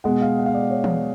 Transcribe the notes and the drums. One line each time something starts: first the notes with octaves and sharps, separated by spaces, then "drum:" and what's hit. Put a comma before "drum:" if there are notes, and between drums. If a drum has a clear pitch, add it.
B2 G#3 F#5
F5
F#5
F5
D5
C#5
drum: tom E3